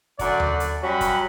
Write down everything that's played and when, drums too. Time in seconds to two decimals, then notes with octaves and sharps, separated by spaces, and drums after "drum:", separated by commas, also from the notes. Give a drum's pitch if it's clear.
0.19 F#2 D3 F#4 D5, drum: kick, hi-hat
0.40 drum: tom D#2
0.60 drum: hi-hat
0.83 F#2 G3 C#4 F#4 B5
1.01 drum: kick, hi-hat